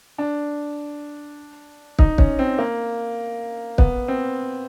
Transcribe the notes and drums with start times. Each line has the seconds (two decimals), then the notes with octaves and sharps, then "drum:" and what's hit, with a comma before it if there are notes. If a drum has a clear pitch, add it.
0.18 D4
1.99 D#4, drum: kick
2.18 C#4, drum: kick
2.39 C4
2.58 A#3
3.78 B3, drum: kick
4.08 C4